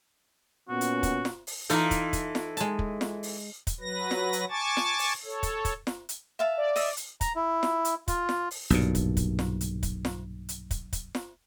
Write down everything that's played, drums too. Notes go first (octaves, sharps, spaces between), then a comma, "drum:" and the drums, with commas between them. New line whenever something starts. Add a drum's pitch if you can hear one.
A#2 B3 C#4 F#4
drum: hi-hat
drum: kick, hi-hat
drum: snare
drum: open hi-hat
E3 D#4 F4 A4, drum: hi-hat
drum: kick, hi-hat
drum: kick, hi-hat
drum: snare
G#3 A5, drum: hi-hat
drum: kick
drum: snare
drum: open hi-hat
drum: kick, hi-hat
F#3 B4 A#6
drum: snare
drum: hi-hat
G#5 A5 C#6 D6 A6
drum: snare
drum: open hi-hat
A4 C#5
drum: kick, hi-hat
drum: kick, hi-hat
drum: snare
drum: hi-hat
E5 F5 A5
D5
D#5 E5, drum: open hi-hat
drum: hi-hat
A#5, drum: kick, hi-hat
E4
drum: snare
drum: hi-hat
F4, drum: kick, hi-hat
drum: snare
drum: open hi-hat
B1 G2 A#2, drum: hi-hat
drum: kick, hi-hat
drum: kick, hi-hat
drum: snare
drum: hi-hat
drum: kick, hi-hat
drum: snare
drum: hi-hat
drum: kick, hi-hat
drum: kick, hi-hat
drum: snare